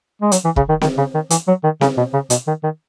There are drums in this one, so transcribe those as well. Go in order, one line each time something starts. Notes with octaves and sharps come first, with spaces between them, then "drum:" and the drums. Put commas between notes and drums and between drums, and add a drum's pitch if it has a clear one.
G#3
F#3, drum: hi-hat
E3
C#3, drum: kick
D#3
D#3, drum: snare C4
C#3
D#3
E3, drum: hi-hat
F#3
D#3
C#3, drum: snare C4
B2
C#3
B2, drum: hi-hat
D#3
D#3